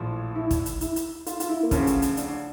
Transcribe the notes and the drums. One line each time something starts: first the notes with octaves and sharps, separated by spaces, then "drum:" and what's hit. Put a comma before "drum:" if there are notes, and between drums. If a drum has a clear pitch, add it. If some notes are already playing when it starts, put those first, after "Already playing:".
Already playing: A#1 A2 F3
E4
drum: kick, hi-hat
drum: hi-hat
E4, drum: hi-hat
drum: hi-hat
F4, drum: hi-hat
F4, drum: hi-hat
E4
A#3
D2 C#3 F3 C#4, drum: kick, hi-hat
drum: hi-hat
drum: hi-hat
D4, drum: hi-hat